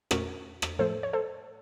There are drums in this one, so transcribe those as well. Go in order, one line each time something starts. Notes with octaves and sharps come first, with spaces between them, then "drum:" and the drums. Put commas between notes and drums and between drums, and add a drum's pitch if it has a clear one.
A#2 A3 C#4 F#4 A#4, drum: rim click
drum: rim click
A2 F3 A3 A4 C5
C#5
A4 C5